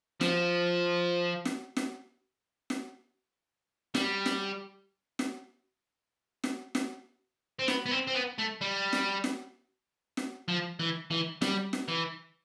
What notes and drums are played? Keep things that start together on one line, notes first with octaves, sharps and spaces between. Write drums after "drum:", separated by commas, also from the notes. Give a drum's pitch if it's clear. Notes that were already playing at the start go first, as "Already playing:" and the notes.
F3, drum: snare
drum: snare
drum: snare
drum: snare
G3, drum: snare
drum: snare
drum: snare
drum: snare
drum: snare
C4
B3, drum: snare
B3
C4
C4
B3
A3
G3
drum: snare
drum: snare
drum: snare
F3
E3
E3
G3, drum: snare
drum: snare
E3